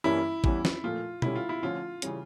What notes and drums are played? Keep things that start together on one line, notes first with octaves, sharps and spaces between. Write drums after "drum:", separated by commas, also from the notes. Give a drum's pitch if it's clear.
G2 E3 G3 A#3 C#4 E4
E2 E3 G3 C#4, drum: kick A1
drum: snare
A#2 F3 A3 F4
D3 G3 C#4 E4 G4, drum: tom B2
F4
E4
D3 F3 A3 C#4 F4
C#3 E3 G3 C#4, drum: hi-hat